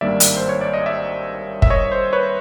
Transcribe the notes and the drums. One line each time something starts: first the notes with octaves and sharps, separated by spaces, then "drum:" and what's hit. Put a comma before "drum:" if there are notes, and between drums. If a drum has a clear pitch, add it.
G#1 G2 D#3 G3 A#3 D5 E5
drum: hi-hat
C5
C#5
D5
D#5
D5 E5
E5, drum: kick
C#5 D#5
C5
B4 C#5